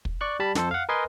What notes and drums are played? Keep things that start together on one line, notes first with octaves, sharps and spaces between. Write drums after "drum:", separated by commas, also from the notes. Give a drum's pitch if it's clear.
drum: kick
D5 C#6 F#6
G3 A5 B5
F2 A4 C5, drum: snare
F5 F#5
A#4 B4 D#5 G#5 C6